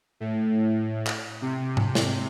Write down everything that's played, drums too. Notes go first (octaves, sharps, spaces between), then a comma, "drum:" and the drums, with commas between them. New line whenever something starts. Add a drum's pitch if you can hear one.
A2
drum: clap
C3
drum: tom G#2
drum: snare